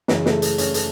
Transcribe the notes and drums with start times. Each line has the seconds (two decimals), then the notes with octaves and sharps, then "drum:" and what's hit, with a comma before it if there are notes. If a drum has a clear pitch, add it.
0.08 F#2 C#3 E3 G#3, drum: snare
0.26 A3, drum: snare
0.42 A3, drum: hi-hat
0.58 C#4, drum: hi-hat
0.74 A3, drum: hi-hat